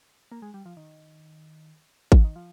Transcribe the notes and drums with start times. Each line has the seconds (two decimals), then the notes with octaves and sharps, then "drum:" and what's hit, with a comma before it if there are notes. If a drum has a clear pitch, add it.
0.32 A#3
0.42 G#3
0.54 G3
0.66 F3
0.77 D#3
2.12 F3, drum: kick G#1
2.24 D#3
2.36 F3